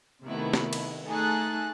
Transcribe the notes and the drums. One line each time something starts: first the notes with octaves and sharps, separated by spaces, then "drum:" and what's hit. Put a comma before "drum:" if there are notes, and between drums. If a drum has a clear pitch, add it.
C3 D#3 A3 B3 E4
drum: snare
drum: cymbal
A3 D#4 G#4 A4 F#6 A6